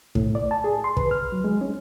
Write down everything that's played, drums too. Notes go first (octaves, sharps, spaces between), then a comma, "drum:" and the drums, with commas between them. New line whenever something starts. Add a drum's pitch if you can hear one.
A2, drum: kick
D5
A5
G#4
C6
B4, drum: kick
F6
F#3
G#3
C#4